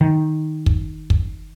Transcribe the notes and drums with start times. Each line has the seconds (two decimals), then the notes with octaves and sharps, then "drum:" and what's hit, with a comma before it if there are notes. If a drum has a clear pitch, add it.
0.01 D#3
0.66 drum: kick
1.10 drum: kick